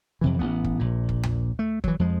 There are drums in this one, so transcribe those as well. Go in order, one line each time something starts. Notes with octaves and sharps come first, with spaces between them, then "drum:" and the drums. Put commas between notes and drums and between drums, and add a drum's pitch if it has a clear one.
F2 C3 E3
A1 B3
drum: kick
A#1 A#2
drum: kick
drum: tom D#2
A3
E3 F#3, drum: kick
F2 F3 G#3